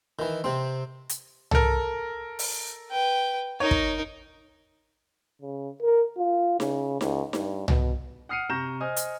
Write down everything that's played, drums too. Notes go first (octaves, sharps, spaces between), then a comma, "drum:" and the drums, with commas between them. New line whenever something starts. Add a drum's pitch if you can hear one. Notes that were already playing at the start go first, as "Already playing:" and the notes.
D#3 E3
C3 C4
drum: hi-hat
A4 A#4, drum: tom C2
drum: open hi-hat
B4 G5
D#4 A#4 C#5
drum: kick
C#3
A#4
F4
C#3, drum: snare D#4
C#2, drum: snare D#4
G2, drum: snare D#4
B2, drum: tom C2
F#5 D#6 F6 C7 C#7 D#7
C3 A#5 C#6 G6 A#6 E7
C5 D#5 G#5 D#6 F6
drum: hi-hat